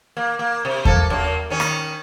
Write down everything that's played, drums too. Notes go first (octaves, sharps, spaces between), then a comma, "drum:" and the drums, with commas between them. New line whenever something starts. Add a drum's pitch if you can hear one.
A#3
A#3
C3
A#3 A4, drum: kick E2
F#2 A#3
D#3 C#4
drum: rim click